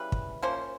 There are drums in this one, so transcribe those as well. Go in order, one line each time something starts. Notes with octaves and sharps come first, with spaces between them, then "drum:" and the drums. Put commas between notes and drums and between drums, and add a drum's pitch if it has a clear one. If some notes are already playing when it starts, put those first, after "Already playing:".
Already playing: C#3 E3 G3 B4
drum: kick
F3 A#3 C#4 C5